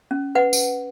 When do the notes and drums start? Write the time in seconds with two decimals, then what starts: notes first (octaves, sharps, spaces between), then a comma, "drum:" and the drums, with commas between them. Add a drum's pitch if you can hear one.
0.11 C#4
0.35 B4 F#5
0.53 drum: tambourine